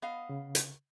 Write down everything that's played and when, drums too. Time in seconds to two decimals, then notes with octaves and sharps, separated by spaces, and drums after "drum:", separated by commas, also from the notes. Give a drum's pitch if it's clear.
0.02 B3 D#5 F5
0.29 C#3
0.55 drum: hi-hat